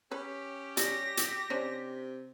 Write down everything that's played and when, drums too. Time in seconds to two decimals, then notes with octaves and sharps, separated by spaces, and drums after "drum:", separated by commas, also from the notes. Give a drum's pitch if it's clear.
0.12 C#4 G4 B4
0.77 G3 A#6, drum: hi-hat
1.17 drum: hi-hat
1.50 C3 C#4 D4 C5